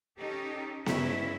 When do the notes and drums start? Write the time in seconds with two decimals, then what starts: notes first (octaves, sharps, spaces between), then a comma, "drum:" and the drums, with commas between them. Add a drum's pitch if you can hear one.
0.18 C#4 D#4 G4 A4
0.86 G2 C#3 G#3 C#4 E4 E5, drum: snare B3